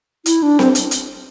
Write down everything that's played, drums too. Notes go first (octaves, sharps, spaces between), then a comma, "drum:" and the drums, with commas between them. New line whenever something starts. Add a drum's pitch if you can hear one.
E4, drum: hi-hat
D4
C4, drum: snare C4
drum: hi-hat
drum: hi-hat